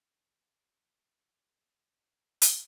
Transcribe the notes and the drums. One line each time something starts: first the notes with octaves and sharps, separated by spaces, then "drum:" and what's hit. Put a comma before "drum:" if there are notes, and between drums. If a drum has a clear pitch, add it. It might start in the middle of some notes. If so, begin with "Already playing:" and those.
Already playing: C#3
C3
A#2
C3
A#2
C3
A#2
C3
drum: hi-hat